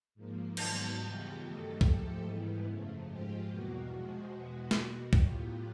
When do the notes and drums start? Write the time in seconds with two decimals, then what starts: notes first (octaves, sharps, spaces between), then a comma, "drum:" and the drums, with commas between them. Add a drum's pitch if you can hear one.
0.15 G#2 F3 A#3
0.57 G#2 D#3 F#3 B3, drum: cymbal
0.98 D#2 C#3 E3 G3 B3 F4 G4
1.39 G2 D#3 F#3 A3 G4 A4
1.81 G#2 F3 A3 G4 A4, drum: kick C2
2.22 G#2 E3 G3 B3
2.64 F#2 C#3 F3 A3
3.06 G#2 F3 G#3 F4 G4
3.47 E2 B2 G3 A#3 F#4
3.88 C3 F3 G#3 F#4
4.30 E2 B2 G#3 B3 F#4
4.71 B2 G3 A#3 F#4, drum: snare
5.13 A2 F#3 B3 F4 G4, drum: kick C2